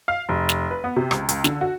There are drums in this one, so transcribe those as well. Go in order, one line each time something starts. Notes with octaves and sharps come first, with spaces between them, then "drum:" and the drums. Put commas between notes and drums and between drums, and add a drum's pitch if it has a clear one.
F5
F1
drum: snare
B4
B3
C3
C#2, drum: rim click
C#2, drum: hi-hat
D3, drum: snare
F#4